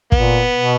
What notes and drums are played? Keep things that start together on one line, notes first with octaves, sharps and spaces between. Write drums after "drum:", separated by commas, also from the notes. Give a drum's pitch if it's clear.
A#2 B3, drum: kick
B2